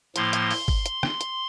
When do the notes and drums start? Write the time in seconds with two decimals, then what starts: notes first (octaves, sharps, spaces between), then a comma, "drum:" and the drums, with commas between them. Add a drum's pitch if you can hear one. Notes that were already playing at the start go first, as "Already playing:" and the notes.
0.16 A2 F3 A#3 C6, drum: hi-hat
0.33 drum: hi-hat
0.51 drum: open hi-hat
0.68 drum: kick, open hi-hat
0.86 drum: hi-hat
1.03 drum: rim click
1.21 drum: hi-hat